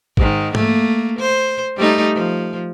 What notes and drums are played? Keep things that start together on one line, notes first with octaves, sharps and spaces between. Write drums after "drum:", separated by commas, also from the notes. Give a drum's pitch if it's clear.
G#2 D#3, drum: kick A1
A3 A#3, drum: tom
C5
G3 A3 D#4
F3